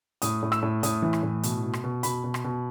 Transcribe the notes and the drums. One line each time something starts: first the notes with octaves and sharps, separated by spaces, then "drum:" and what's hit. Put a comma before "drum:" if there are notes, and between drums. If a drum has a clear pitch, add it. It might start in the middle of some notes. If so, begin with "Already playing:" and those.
A2 D#6, drum: hi-hat
A2
E6, drum: rim click
A2
A2 D#6, drum: hi-hat
E3
drum: rim click
A2
B2, drum: hi-hat
B2
drum: rim click
B2
B2 B5, drum: hi-hat
B2
drum: rim click
B2